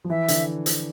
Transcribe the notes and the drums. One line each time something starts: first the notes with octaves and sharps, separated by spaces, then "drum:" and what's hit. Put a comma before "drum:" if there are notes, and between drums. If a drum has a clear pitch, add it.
F3
E3 E5
D3, drum: hi-hat
drum: hi-hat